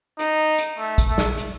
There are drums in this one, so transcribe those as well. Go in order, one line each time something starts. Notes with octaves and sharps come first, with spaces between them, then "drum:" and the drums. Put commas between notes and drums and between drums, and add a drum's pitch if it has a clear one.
D#4, drum: hi-hat
drum: hi-hat
A3
drum: kick, hi-hat
A3
drum: snare
drum: hi-hat